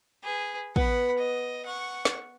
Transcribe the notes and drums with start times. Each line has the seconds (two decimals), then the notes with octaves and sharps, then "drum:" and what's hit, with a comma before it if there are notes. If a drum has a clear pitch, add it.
0.24 G#4 B4
0.76 B3 F#5 B5, drum: kick
1.18 D#5
1.66 F#5 C#6
2.05 drum: snare